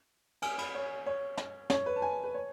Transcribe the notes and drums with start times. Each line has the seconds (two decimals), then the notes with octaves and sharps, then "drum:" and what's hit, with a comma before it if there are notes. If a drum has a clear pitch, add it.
0.42 G#5, drum: cymbal
0.58 B5, drum: cymbal
0.75 C#5
1.06 C#5
1.37 drum: snare
1.70 C#5, drum: snare
1.86 B4
1.96 A5
2.02 G#5
2.24 B4
2.34 C#5